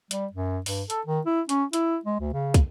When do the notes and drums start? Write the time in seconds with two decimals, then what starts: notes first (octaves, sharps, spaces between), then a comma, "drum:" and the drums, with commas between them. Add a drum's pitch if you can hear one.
0.11 G3, drum: hi-hat
0.32 F#2
0.66 G2, drum: open hi-hat
0.90 A4, drum: hi-hat
1.07 D#3
1.26 E4
1.49 C#4, drum: hi-hat
1.73 E4, drum: hi-hat
2.05 G#3
2.20 D2
2.33 C#3
2.54 drum: kick, hi-hat